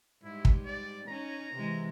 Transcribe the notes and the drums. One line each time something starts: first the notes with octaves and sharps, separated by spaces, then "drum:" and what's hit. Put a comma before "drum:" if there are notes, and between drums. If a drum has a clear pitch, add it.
G#2 G3 E4
drum: kick
D5
C#4 D#4 A#5
C3 E3 G#3